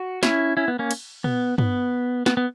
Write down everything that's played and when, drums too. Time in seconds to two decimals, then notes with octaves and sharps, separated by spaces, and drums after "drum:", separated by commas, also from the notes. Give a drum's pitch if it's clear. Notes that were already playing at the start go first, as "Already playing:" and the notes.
Already playing: F#4
0.23 C#4 E4, drum: snare
0.57 C#4 E4
0.68 B3
0.79 A#3 C#4
0.91 drum: cymbal
1.24 B3, drum: tom A#2
1.58 B3, drum: tom G2
2.26 B3, drum: snare
2.37 B3